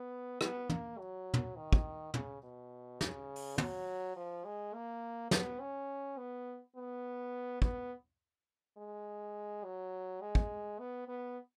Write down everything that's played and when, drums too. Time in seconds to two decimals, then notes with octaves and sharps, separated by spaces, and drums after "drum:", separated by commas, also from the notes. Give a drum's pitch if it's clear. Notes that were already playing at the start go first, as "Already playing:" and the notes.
Already playing: B3
0.41 B3, drum: rim click
0.70 A#3, drum: tom
0.98 F#3
1.34 drum: tom
1.56 D#3
1.73 drum: kick
2.14 C#3, drum: tom
2.43 B2
3.01 C#3, drum: snare
3.36 drum: open hi-hat
3.58 F#3, drum: tom
4.16 F3
4.45 G#3
4.74 A#3
5.31 B3, drum: snare
5.60 C#4
6.18 B3
6.76 B3
7.62 B3, drum: kick
8.77 G#3
9.64 F#3
10.21 G#3
10.35 drum: kick
10.79 B3
11.08 B3